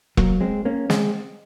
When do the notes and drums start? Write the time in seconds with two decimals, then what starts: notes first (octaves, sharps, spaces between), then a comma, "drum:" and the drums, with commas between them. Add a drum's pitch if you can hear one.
0.17 F#3 A#3, drum: kick E1
0.41 G#3 C4
0.65 A#3 C#4
0.90 G#3 C4, drum: snare